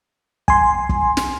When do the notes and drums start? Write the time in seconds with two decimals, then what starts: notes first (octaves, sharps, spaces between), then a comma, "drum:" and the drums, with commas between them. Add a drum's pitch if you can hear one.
0.48 G#5 C6, drum: kick
0.89 drum: kick
1.17 drum: snare